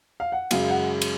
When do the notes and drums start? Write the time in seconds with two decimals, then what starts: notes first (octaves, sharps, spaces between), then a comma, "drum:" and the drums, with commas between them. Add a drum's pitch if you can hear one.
0.20 F5
0.32 F#5
0.51 F#2 C#3 G#3 F5, drum: cymbal
0.70 F#5
1.02 drum: cymbal